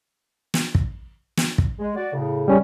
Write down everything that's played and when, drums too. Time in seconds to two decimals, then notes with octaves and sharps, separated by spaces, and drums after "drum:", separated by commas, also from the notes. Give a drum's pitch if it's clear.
0.54 drum: snare
0.75 drum: kick
1.37 drum: snare
1.58 drum: kick
1.79 G#3
1.96 F#4 D5
2.13 A2 C#3
2.48 G3 C#4